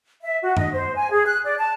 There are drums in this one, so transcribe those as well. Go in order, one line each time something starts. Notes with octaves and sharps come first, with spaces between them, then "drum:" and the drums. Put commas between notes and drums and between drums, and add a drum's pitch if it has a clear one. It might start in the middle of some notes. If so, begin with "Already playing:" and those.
E5
F#4
D#5, drum: tom F#2
C5
G#5
G#4
F#6
D5
A5